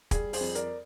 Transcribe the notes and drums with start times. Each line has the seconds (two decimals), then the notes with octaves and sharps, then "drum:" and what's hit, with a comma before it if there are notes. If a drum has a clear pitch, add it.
0.11 G3 G#4, drum: kick, hi-hat
0.33 G#4 C5, drum: open hi-hat
0.40 F2
0.55 A#4 D5, drum: hi-hat